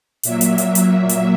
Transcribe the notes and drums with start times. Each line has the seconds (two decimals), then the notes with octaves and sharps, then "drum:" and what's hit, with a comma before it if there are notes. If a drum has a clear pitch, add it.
0.23 A#2 F#3 A#3 E5, drum: hi-hat
0.41 drum: hi-hat
0.58 drum: hi-hat
0.75 drum: hi-hat
0.92 E5
1.09 drum: hi-hat